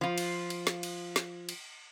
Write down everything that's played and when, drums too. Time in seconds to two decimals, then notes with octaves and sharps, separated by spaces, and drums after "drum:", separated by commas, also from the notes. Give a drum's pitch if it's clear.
0.01 F3 F4
0.18 drum: cymbal
0.50 drum: cymbal
0.67 drum: snare
0.83 drum: cymbal
1.16 drum: snare
1.49 drum: cymbal